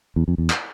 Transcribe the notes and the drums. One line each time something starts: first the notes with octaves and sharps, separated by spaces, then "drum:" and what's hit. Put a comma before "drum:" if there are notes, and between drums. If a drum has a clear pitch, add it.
E2
F2
E2
drum: clap